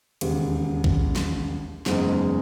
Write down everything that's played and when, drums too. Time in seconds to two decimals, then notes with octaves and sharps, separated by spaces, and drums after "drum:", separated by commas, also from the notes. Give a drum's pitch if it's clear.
0.21 E1 D#2 C#3, drum: cymbal
0.84 drum: kick A#1
1.16 drum: snare
1.86 F#1 E2 C#3 G#3 D#4, drum: snare